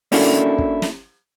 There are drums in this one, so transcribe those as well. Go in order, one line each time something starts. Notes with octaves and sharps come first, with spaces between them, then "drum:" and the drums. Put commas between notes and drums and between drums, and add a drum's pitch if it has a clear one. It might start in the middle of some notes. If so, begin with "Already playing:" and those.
A#3 C#4 D4 E4 F#4 A4, drum: open hi-hat
drum: kick
drum: snare